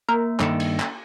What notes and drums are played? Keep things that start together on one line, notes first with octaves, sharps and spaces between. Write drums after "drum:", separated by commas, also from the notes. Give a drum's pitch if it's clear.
A#3 A#4
G2 D#3 A4, drum: clap
drum: cymbal
drum: clap